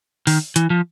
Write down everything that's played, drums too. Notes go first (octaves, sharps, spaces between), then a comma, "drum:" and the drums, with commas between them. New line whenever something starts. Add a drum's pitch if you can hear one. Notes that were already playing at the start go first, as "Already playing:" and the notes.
D#3, drum: open hi-hat
E3, drum: hi-hat
F3